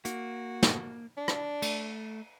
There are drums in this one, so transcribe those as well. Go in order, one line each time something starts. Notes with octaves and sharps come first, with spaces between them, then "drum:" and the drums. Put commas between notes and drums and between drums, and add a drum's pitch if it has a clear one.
A#3 F#4, drum: hi-hat
drum: snare
D4
drum: rim click
A3, drum: cymbal